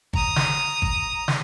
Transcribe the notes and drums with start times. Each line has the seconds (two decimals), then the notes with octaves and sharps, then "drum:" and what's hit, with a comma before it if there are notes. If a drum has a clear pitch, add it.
0.13 A#5 D#6, drum: kick G#1
0.36 drum: snare
0.82 drum: kick G#1
1.28 drum: snare